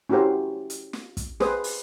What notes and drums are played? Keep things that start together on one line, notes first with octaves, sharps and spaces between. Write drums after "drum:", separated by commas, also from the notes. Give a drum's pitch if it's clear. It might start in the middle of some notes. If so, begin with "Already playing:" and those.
C#4 E4 F#4 G4 A#4 C5
drum: hi-hat
drum: snare
drum: kick, hi-hat
G#4 B4 C5 D#6, drum: snare
drum: open hi-hat